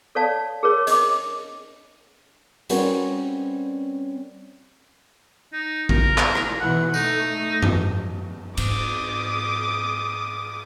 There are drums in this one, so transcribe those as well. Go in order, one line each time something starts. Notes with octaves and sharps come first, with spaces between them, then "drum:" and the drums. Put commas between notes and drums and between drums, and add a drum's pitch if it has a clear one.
A4 C#5 D5 F5 A5
G#4 A#4 C#5
D#5 D6, drum: hi-hat
G3 C4 C#4 F#4 A#4 B4, drum: hi-hat
D#4
A#4, drum: kick A1
drum: clap
drum: rim click
B1 E3 F#5
A3 D#4, drum: tambourine
G#2, drum: tom F#2
G#2 D6 D#6, drum: cymbal